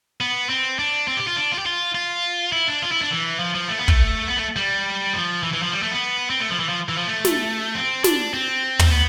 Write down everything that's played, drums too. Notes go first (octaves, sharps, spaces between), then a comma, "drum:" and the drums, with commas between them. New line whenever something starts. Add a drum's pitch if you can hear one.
B3
C4
D4
C4
G4
F4
D4
F4
G4
F4
F4
E4
D4
F4
E4
D4
E3
F3
F3
A3
B3
A3, drum: kick
B3
A3
G3
F3
E3
E3
F3
G3
A3
B3
C4
A3
F3
E3
F3
E3
F3
A3
drum: snare
C4
D4, drum: snare
C4
drum: tom
B3